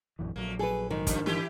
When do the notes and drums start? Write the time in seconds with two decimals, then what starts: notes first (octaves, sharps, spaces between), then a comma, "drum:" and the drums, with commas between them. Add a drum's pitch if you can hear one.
0.19 A#1 F#2 E3
0.36 A#1 F#3 A3 A#3
0.59 G#4 A4 B4
0.90 G#2 D#3
1.07 F#2 F3 G3 D4, drum: kick, hi-hat
1.26 E3 E4 G4, drum: snare